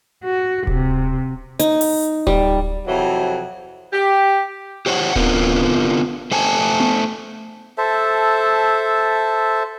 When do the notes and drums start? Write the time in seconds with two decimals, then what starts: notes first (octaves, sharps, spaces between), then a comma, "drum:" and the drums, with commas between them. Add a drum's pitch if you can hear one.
0.24 F#4
0.67 C3, drum: kick D1
1.59 D#4, drum: hi-hat
1.81 drum: open hi-hat
2.27 G3, drum: kick D1
2.87 F2 C3 E3 F#3
3.93 G4
4.86 G4 C5 C#5 F5 F#5
5.16 D3 B3 C4 F4 A#4 B4, drum: kick D1
6.31 A3 C5 G#5 A5
6.80 drum: tom B3
7.78 A4 C5 E5 A5